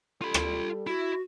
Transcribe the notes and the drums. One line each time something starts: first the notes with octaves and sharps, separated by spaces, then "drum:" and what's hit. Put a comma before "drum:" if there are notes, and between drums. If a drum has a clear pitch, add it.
G3 F4 A4 B5
drum: rim click
E4 F#4